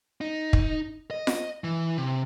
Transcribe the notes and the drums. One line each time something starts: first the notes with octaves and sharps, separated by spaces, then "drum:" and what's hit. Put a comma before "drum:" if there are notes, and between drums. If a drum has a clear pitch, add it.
D#4
drum: kick
D#5
drum: snare F4
E3
C3